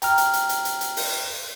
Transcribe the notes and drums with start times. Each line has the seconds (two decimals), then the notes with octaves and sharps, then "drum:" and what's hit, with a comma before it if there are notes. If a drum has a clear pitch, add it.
0.02 G5 A#5 F6, drum: hi-hat
0.18 drum: hi-hat
0.33 drum: hi-hat
0.49 drum: hi-hat
0.65 drum: hi-hat
0.81 drum: hi-hat
0.97 drum: open hi-hat